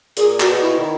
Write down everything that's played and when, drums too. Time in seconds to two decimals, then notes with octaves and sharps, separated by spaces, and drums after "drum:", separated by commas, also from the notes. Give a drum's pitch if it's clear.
0.17 A#2 G#4, drum: hi-hat
0.40 F#4, drum: clap
0.47 B2
0.62 E4
0.77 D#3